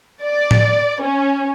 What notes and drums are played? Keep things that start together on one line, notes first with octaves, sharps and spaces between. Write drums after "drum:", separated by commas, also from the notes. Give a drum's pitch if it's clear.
D5
drum: tom A2
C#4